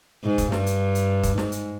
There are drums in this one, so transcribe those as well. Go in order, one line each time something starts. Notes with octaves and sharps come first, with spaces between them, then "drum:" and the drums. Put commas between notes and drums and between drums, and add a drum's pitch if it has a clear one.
G#2
drum: kick, hi-hat
G2, drum: snare
drum: hi-hat
drum: hi-hat
drum: kick, hi-hat
G#2, drum: snare
drum: hi-hat